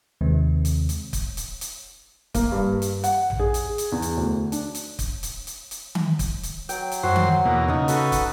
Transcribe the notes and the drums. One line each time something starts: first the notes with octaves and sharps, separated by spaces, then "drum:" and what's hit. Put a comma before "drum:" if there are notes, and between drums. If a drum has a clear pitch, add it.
D#2 C3 D#3 G#3 C4
drum: hi-hat
drum: hi-hat
drum: kick, hi-hat
drum: hi-hat
drum: hi-hat
A#3, drum: kick, hi-hat
G2
drum: hi-hat
F#5, drum: hi-hat
drum: tom A1
G#4
drum: hi-hat
drum: hi-hat
E2
drum: hi-hat
D2
D4, drum: hi-hat
drum: hi-hat
drum: kick, hi-hat
drum: hi-hat
drum: hi-hat
drum: hi-hat
drum: tom D#3
drum: kick, hi-hat
drum: hi-hat
F#3 G5, drum: hi-hat
drum: hi-hat
F#2 F#4 C5
drum: tom D#3
E2 B2 A#3
C#3 D#4 A#5
F#4 A4 B4, drum: hi-hat
drum: kick, hi-hat